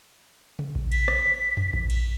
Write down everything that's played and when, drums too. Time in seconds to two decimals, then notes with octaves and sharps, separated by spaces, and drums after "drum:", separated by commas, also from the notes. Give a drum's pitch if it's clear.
0.59 drum: tom C3
0.75 drum: kick A#1
0.92 B6, drum: cymbal
1.08 drum: rim click
1.57 drum: tom F2
1.73 drum: kick A#1
1.90 drum: cymbal